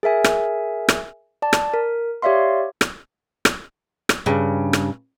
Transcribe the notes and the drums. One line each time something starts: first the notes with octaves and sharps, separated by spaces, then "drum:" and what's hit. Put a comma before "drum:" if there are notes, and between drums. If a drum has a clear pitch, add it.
G#4 A#4 E5 G#5
drum: rim click
drum: rim click
D5 A5
drum: rim click
A#4
G4 C#5 D5 E5 F5 C6
drum: rim click
drum: rim click
drum: rim click
G2 C#3
drum: rim click